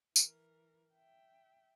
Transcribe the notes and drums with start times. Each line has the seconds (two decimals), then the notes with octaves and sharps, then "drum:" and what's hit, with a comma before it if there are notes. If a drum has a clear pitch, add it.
0.16 E3 A#4, drum: tambourine
0.94 E5 G5